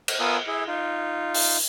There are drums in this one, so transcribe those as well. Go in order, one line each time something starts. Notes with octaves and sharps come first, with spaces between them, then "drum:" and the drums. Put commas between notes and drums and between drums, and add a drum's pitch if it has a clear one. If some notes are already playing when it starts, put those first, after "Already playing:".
drum: cymbal
B3 F4 A#4 G#5 D#6 E6
E4 G#4
D#4 F4
drum: open hi-hat